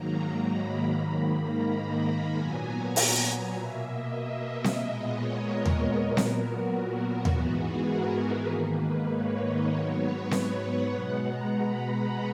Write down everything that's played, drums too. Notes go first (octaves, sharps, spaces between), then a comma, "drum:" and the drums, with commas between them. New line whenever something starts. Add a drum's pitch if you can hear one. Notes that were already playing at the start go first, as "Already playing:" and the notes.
Already playing: G#2 D#3 F#3 A#3 A#5
A#5
B5
B5
G#2 D#3 A#3
A#5
B5
A#2 F#3 B3 G#5
A#5
A#5, drum: open hi-hat
G#5
B2 A#3 E5
D#5
drum: snare C4
A#2 G#3 B3
C#5
A#4
drum: tom D#2
A#2 F#3 B3
drum: snare C4
F#4
G#2 E3 B3, drum: tom D#2
G#4
A#4
B4
G#2 D#3 A#3
B4
C#5
D#5
G#2 F#3 B3 C#5
B4
C#5, drum: snare C4
F#5
B2 G#3 B3
A#5
B5
A#5